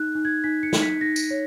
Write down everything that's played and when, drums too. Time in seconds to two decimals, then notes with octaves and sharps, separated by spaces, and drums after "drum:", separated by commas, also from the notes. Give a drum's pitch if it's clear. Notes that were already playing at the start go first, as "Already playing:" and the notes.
Already playing: D#4 F#6
0.15 D#4
0.25 G#6
0.44 D#4 B6
0.63 C#7
0.73 D#4, drum: snare
0.82 B6
1.01 D#4 A#6
1.16 drum: tambourine
1.31 C#5